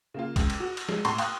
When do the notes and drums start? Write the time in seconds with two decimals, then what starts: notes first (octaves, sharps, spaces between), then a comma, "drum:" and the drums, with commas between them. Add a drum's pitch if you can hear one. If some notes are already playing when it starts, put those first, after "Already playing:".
0.14 C#3 A#3 F4
0.36 C#2, drum: kick, cymbal
0.50 drum: cymbal
0.60 F#4
0.77 drum: cymbal
0.89 G#3, drum: snare
1.05 A2 A5 C6 C#6, drum: cymbal
1.18 F5 G5 C6 C#6 D#6 F#6, drum: cymbal